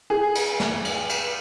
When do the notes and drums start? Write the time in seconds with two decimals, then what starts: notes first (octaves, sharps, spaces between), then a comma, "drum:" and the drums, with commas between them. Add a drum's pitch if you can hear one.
0.10 G#4
0.35 drum: cymbal
0.60 drum: snare
0.85 drum: cymbal
1.09 drum: cymbal